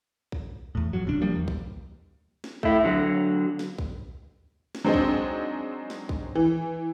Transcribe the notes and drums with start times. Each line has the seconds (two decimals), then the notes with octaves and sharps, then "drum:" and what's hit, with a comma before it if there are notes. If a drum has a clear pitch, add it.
0.32 drum: kick
0.75 E2 A2
0.93 F2 F#3
1.05 F1 C#2 D4
1.22 F3 G3 A#3
1.35 E2
1.48 drum: kick
2.44 drum: snare
2.63 A3 E4, drum: kick
2.84 D3 F#3
3.59 drum: snare
3.78 drum: kick
4.75 drum: snare
4.85 F#3 G#3 C4 D4 D#4
4.94 drum: kick
5.90 drum: snare
6.09 drum: kick
6.35 E3